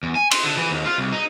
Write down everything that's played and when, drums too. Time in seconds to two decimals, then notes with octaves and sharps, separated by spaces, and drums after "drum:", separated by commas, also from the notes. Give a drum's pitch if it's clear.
0.03 E2
0.15 G#5
0.31 C6, drum: cymbal
0.43 D3
0.57 E3
0.71 D#2
0.86 F4
0.98 C2
1.13 D#4